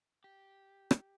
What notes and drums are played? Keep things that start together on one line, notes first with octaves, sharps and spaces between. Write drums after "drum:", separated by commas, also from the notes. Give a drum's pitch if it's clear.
G4
drum: rim click